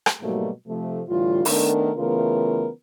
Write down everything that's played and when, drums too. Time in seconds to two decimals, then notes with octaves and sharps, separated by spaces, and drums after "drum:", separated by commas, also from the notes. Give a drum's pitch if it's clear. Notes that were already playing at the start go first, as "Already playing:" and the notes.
0.06 drum: rim click
0.21 G#2 B2 F#3 G3 A3 A#3
0.67 C3 F3 A3
1.08 A2 D3 E3 G3 F4
1.45 D#3 A3 B3 D4 A4 A#4, drum: open hi-hat
1.97 C#3 E3 A3 B3 F4 A#4